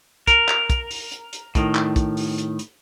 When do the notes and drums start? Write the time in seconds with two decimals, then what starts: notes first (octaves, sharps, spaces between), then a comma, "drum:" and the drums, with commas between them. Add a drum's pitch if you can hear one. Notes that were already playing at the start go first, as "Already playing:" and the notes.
0.27 A#4, drum: kick, hi-hat
0.49 drum: clap
0.70 drum: kick, hi-hat
0.91 drum: open hi-hat
1.12 drum: hi-hat
1.33 drum: hi-hat
1.55 A2 D#3, drum: kick, hi-hat
1.75 drum: clap
1.96 drum: kick, hi-hat
2.17 drum: open hi-hat
2.38 drum: hi-hat
2.59 drum: hi-hat